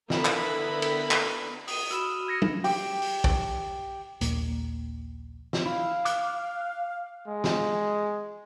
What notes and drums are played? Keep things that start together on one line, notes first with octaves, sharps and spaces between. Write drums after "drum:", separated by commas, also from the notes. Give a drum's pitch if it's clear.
D3 B3 E4 A#4 B4 B5, drum: snare
drum: clap
drum: cymbal
drum: clap
D#6 D#7, drum: open hi-hat
F#4 B5 E6 F6 E7, drum: hi-hat
G#6 A#6 C#7
drum: tom
G4, drum: open hi-hat
drum: open hi-hat
drum: kick
A#1 D#2 A#3, drum: hi-hat
drum: snare
E4 F5
D6 F#6, drum: hi-hat
G#3
drum: snare